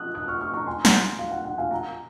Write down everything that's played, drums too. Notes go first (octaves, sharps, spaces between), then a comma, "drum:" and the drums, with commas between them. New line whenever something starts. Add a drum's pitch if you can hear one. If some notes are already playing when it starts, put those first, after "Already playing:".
Already playing: D#6 F#6
D#6 F#6
C#6 F6
C#6 F6
A#5 C#6
G#5 C6
F#5 A#5, drum: snare
F5
F#5
F#5
F5 G#5
F#5 A#5